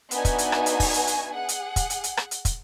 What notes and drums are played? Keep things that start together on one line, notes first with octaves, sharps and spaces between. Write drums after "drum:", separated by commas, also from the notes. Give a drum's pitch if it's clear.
B3 D4 D#4 F#4 E5 G#5, drum: hi-hat
drum: kick, hi-hat
drum: hi-hat
drum: rim click
drum: hi-hat
drum: kick, open hi-hat
drum: hi-hat
drum: hi-hat
G#4 F#5
drum: hi-hat
drum: kick, hi-hat
drum: hi-hat
drum: hi-hat
drum: rim click
drum: hi-hat
drum: kick, hi-hat